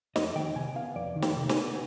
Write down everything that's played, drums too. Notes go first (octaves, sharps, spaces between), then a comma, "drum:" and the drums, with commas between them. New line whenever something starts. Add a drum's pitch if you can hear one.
F2 D#5, drum: snare
D#3 G5
C3 G#5
B3 F5
F2 D5
D#3
G5, drum: snare
C3
G#5, drum: snare
B3